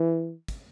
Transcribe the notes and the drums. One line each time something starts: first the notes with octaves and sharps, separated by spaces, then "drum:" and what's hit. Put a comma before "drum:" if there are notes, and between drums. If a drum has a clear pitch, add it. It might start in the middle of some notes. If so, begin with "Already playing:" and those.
Already playing: E3
drum: kick, hi-hat